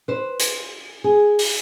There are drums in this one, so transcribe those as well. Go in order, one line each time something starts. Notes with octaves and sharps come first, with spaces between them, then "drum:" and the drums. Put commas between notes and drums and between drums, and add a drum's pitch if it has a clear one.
B4 C5
drum: hi-hat
G#4
drum: open hi-hat